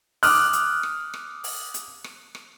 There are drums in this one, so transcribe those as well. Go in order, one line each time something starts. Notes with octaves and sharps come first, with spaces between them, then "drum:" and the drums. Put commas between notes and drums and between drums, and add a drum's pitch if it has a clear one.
D6 D#6 F6 F#6, drum: open hi-hat
drum: hi-hat
drum: rim click
drum: rim click
drum: open hi-hat
drum: hi-hat
drum: rim click
drum: rim click